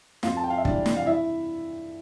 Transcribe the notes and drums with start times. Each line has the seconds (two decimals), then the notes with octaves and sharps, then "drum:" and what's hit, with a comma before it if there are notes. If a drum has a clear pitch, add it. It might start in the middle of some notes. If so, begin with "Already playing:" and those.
0.23 F2 F4 F5, drum: snare
0.37 A5
0.44 G5
0.50 F5
0.58 E5
0.65 C3 E3 G3 D4 D5, drum: kick
0.86 drum: snare
0.97 F5
1.06 E4 E5